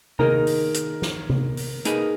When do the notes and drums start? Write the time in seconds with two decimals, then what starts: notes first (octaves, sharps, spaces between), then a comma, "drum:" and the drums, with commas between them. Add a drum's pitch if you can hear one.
0.19 D#3 A#3 D#4 G#4 A#4, drum: tom C3
0.47 drum: open hi-hat
0.74 drum: hi-hat
1.02 drum: snare
1.30 drum: tom C3
1.57 drum: open hi-hat
1.85 A#3 D#4 G#4 B4, drum: hi-hat